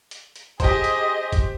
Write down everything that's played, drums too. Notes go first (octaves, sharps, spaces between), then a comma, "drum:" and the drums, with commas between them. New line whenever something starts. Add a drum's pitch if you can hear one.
drum: hi-hat
drum: hi-hat
G4 G#4 C5 D#5, drum: kick, hi-hat
drum: hi-hat
drum: kick, hi-hat